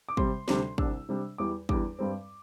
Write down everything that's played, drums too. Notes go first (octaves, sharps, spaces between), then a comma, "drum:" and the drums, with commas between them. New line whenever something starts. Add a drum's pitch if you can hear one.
D6
C3 G3 C4 C6, drum: kick
D2 C3 G3 D4, drum: snare
C2 C3 G3 D4 E6, drum: kick
C3 G3 D4
E2 E3 G3 D6
E2 E3 G3 D4 D6, drum: kick
G2 G3 C4